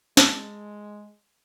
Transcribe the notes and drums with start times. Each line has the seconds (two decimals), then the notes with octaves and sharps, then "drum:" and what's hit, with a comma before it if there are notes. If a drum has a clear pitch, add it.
0.17 G#3 A5, drum: snare